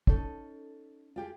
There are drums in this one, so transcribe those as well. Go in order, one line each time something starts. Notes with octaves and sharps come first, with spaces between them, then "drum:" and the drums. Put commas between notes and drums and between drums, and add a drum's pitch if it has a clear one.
C#4 D#4 A4, drum: kick
F4 G4 G#4